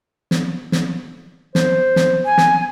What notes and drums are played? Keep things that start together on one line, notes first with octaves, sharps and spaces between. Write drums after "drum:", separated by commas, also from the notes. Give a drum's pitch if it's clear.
drum: snare
drum: snare
C5, drum: snare
drum: snare
G#5
drum: snare